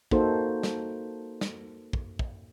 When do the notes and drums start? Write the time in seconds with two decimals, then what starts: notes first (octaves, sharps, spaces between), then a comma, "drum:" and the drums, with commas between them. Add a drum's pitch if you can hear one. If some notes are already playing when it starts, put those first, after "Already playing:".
0.11 A#3 D#4 F#4 A4 C5, drum: kick
0.63 drum: snare
1.41 drum: snare
1.93 drum: kick
2.19 drum: kick